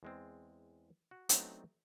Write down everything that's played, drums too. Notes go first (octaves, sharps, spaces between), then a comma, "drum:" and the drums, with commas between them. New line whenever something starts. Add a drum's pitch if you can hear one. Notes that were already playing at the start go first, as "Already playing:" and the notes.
E2 G#3 C4
F#4
F#3 A3 B3 C4 D4 D#4, drum: hi-hat